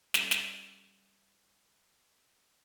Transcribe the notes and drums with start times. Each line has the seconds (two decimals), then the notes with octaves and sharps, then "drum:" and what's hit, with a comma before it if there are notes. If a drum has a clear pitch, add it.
0.14 G3 C#4 A4, drum: snare
0.31 drum: snare